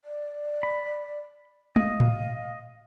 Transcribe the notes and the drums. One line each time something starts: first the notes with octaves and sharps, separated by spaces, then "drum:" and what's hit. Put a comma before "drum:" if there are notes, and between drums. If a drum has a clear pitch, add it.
D5
B5
D#5 F5, drum: tom
drum: tom A2